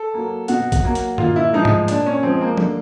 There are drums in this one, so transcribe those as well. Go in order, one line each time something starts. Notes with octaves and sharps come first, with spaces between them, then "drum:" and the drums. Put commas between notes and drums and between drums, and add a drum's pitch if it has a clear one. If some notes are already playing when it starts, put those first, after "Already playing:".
Already playing: A4
F#3 A#3
B2 F#4, drum: hi-hat
drum: kick A#1, hi-hat
F#3 A#3
drum: hi-hat
A#2 F4, drum: tom
E4
F3 G#3 D#4
drum: tom G#2
A#2 D4, drum: hi-hat
C#4
F3 G#3 C4
A#3
D3, drum: tom